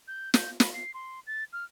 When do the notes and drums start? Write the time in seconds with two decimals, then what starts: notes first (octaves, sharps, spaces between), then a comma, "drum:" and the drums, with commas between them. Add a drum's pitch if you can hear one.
0.08 G6
0.34 G6, drum: snare
0.60 B5, drum: snare
0.74 C7
0.94 C6
1.27 A6
1.53 F6